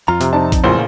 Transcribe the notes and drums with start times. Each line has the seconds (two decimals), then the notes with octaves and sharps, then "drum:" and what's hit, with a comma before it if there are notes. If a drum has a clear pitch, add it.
0.08 F2 F4 A#5
0.21 C3, drum: hi-hat
0.33 C4 D#4 D5 A5
0.52 drum: kick A#1, hi-hat
0.64 A1 A#2 C#3 E4 F4 C5 G6